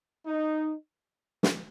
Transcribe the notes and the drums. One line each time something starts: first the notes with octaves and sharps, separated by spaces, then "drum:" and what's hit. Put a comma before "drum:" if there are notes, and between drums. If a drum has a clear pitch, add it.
D#4
drum: snare